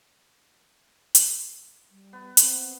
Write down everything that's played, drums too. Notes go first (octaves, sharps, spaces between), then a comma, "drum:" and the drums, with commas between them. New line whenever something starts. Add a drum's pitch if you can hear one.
drum: hi-hat
G3
B3
C4, drum: hi-hat